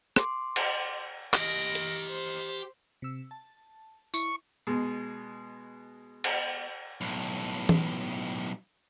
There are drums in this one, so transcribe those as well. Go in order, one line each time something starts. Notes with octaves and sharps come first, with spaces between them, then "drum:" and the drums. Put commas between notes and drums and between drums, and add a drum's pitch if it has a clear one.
C6 D6, drum: rim click
drum: cymbal
G4 D#5 A#6 D7, drum: clap
drum: hi-hat
C5
C3 E6
A5
E4 C#6, drum: tambourine
B2 G#3
drum: cymbal
B1 A2
drum: tom E3